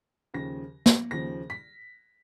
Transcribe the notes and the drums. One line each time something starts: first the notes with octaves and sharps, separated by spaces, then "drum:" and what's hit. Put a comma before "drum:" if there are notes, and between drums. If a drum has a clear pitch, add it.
D#2 C#3 F3 A#6
drum: snare
D#2 C#3 F3 A#6
B6